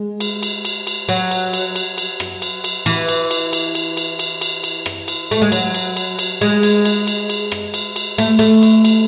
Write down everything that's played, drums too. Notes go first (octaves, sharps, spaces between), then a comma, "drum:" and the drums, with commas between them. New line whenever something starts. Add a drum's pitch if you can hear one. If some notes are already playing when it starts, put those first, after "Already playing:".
Already playing: G#3
drum: cymbal
drum: cymbal
drum: cymbal
drum: cymbal
F#3, drum: cymbal
drum: cymbal
drum: cymbal
drum: cymbal
drum: cymbal
drum: rim click
drum: cymbal
drum: cymbal
E3, drum: cymbal
drum: cymbal
drum: cymbal
drum: cymbal
drum: cymbal
drum: cymbal
drum: cymbal
drum: cymbal
drum: cymbal
drum: rim click
drum: cymbal
A3, drum: cymbal
G#3
F#3, drum: cymbal
drum: cymbal
drum: cymbal
drum: cymbal
G#3, drum: cymbal
drum: cymbal
drum: cymbal
drum: cymbal
drum: cymbal
drum: rim click
drum: cymbal
drum: cymbal
A3, drum: cymbal
A3, drum: cymbal
drum: cymbal
drum: cymbal